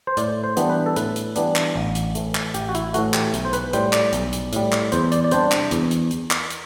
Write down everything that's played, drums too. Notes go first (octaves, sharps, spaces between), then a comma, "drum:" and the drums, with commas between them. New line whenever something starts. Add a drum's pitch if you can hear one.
C5
A2 D5, drum: hi-hat
C5
E3 G3 B3 D4, drum: hi-hat
B4
A4
A2 B4, drum: hi-hat
drum: hi-hat
E3 G3 B3 D4, drum: hi-hat
drum: clap
A1
drum: hi-hat
A2 E3 A3, drum: hi-hat
drum: clap
A1 G4, drum: hi-hat
F#4
E4, drum: hi-hat
A2 E3 A3 F#4, drum: hi-hat
G4, drum: clap
B1, drum: hi-hat
C5
B4, drum: hi-hat
A2 G3 C5, drum: hi-hat
D5, drum: clap
B1, drum: hi-hat
drum: hi-hat
A2 G3, drum: hi-hat
drum: clap
E2 C5, drum: hi-hat
D5, drum: hi-hat
D5
C3 G3 D4 C5, drum: hi-hat
drum: clap
E2, drum: hi-hat
drum: hi-hat
drum: hi-hat
drum: clap
drum: hi-hat